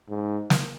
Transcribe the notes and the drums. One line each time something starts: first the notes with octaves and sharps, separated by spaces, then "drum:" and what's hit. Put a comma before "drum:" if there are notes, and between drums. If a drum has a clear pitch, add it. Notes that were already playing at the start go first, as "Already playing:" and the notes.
G#2
drum: snare